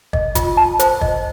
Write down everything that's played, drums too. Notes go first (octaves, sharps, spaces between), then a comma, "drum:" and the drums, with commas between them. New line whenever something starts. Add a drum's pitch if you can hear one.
D#5, drum: kick
F4, drum: kick, hi-hat
A5
C5, drum: hi-hat
D#5, drum: kick